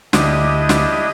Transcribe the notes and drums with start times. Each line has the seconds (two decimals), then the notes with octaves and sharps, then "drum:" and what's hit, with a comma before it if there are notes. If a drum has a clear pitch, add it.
0.13 D2 D4 E4 G4 D#5, drum: snare
0.69 drum: snare